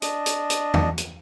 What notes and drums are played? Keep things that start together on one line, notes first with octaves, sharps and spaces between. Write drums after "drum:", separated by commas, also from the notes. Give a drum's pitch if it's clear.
D4 D#5, drum: hi-hat
drum: hi-hat
drum: hi-hat
drum: tom E2
drum: hi-hat